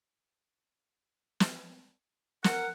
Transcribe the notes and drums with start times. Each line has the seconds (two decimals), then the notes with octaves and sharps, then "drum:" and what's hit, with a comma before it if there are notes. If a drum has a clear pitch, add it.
1.40 drum: snare
2.44 A#4 F#5, drum: snare